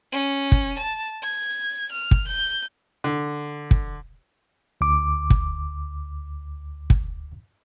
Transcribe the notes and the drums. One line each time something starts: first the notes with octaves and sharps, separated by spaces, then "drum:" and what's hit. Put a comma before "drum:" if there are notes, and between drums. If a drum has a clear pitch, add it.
C#4
drum: kick
A5
G#6
F6
drum: kick
G6
D3
drum: kick
D2 D6
drum: kick
drum: kick